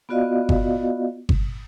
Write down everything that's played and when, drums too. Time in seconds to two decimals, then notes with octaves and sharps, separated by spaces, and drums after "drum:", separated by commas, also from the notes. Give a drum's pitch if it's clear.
0.09 B3 F4 F#4 D5 D#5 F5
0.49 drum: kick G1
1.29 drum: kick G1